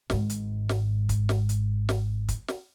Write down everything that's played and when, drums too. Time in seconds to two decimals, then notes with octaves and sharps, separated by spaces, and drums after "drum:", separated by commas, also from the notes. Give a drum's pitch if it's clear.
0.10 G#1 G#2, drum: snare
0.30 drum: hi-hat
0.69 drum: snare
1.09 drum: kick, hi-hat
1.29 drum: snare
1.49 drum: hi-hat
1.89 drum: snare
2.28 drum: kick, hi-hat
2.48 drum: snare